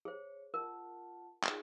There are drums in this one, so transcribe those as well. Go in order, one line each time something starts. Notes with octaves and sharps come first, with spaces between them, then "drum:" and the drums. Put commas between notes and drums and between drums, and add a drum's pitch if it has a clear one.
G#4 C5 C#5
F4 A#4 F#5 A5
D#4 F4 G#4, drum: clap